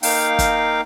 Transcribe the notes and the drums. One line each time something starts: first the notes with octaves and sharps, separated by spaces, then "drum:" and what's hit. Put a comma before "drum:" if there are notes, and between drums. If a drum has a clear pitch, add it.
A#3 D#4 F5 G5, drum: open hi-hat
drum: kick, hi-hat